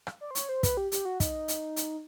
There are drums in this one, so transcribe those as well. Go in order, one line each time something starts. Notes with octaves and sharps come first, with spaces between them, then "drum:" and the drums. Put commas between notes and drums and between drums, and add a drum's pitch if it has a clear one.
drum: rim click
D5
C5
C#5, drum: hi-hat
C5
B4, drum: kick, hi-hat
G4
G4, drum: hi-hat
F#4
D#4, drum: kick, hi-hat
drum: hi-hat
drum: hi-hat